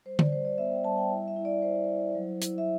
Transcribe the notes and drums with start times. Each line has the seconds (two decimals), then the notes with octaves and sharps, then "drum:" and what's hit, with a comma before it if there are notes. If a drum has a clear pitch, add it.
0.05 G3 C5
0.19 D5, drum: tom D3
0.32 G3 C5
0.45 D5
0.58 B3 E5
0.71 G5
0.84 G3 A5
0.97 G5
1.11 E4 E5
1.28 E5
1.36 E4
1.45 D5
1.62 E4 C5
1.89 E4
2.15 F#3
2.42 E4, drum: hi-hat
2.58 E5